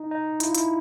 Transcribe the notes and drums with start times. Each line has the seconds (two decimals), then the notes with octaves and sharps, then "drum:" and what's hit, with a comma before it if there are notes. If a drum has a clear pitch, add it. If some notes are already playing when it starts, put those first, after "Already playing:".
Already playing: D#4
0.11 D#4
0.40 E4, drum: hi-hat
0.47 F4
0.55 E4, drum: hi-hat